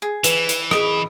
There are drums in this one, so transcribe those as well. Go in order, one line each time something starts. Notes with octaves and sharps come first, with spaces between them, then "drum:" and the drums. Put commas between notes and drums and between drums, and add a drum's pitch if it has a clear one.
G#4
E3 B4, drum: hi-hat
drum: hi-hat
G#4 D#5 B5 D#6 D7, drum: rim click